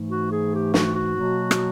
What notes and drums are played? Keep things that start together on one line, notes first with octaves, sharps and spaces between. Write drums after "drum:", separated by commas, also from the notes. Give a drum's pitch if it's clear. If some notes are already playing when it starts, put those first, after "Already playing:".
Already playing: G#2 E3 A3
F#4
G#4
G4
F#4, drum: snare
F#4
B2 F#3 A#3
drum: rim click